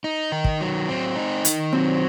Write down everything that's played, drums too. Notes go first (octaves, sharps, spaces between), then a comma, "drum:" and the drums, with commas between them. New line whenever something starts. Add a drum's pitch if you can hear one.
D#4
D#3
drum: kick
F#3
C4
D#4
D#3, drum: hi-hat
F#3 C4